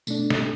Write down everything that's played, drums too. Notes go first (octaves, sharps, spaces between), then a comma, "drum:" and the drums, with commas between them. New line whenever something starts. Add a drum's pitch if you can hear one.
B2 A3 D4, drum: tambourine
drum: snare